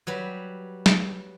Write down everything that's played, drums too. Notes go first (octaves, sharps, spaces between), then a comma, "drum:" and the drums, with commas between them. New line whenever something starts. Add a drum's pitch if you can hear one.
F#3 G3 B4
drum: snare